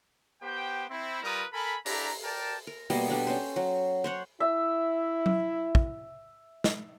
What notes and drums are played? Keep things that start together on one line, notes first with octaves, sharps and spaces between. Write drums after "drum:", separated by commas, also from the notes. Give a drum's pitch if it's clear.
B3 G4 C5 G5
C4 E4
G3 F4 A#4 B4 A#5 D#6
A4 A#4 G#5 B5
D4 E4 G4 A#5, drum: open hi-hat
A#4 D5 G5 A5
A#4
B2 G3 A#3 D#5, drum: open hi-hat
G3 D4 A4
C#4 C5
F#3
C5 C#5 F#5
E4 E5
drum: tom F#3
drum: kick
drum: snare